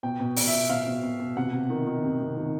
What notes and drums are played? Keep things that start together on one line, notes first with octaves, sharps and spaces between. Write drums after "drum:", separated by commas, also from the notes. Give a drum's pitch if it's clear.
B2 G5
B2
B2, drum: open hi-hat
E5
B2
B2 F5
B2
B2
B2
C3 F#5
C3
D#3
D#3
C3
C3
D#3